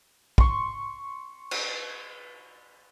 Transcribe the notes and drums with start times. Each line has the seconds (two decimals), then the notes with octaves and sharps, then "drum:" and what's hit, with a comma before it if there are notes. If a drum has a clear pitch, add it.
0.38 C6 C#6, drum: kick
1.51 drum: cymbal